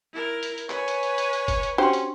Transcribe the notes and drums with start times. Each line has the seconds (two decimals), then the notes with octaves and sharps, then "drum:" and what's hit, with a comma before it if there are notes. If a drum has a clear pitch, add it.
0.13 E4 A#4
0.43 drum: hi-hat
0.58 drum: hi-hat
0.70 B4 C#5 G#5, drum: clap
0.88 drum: hi-hat
1.03 drum: hi-hat
1.18 drum: hi-hat
1.33 drum: hi-hat
1.48 drum: kick G1, hi-hat
1.63 drum: hi-hat
1.78 C#4 D4 F#4 G4 C5 G5 C6
1.93 drum: hi-hat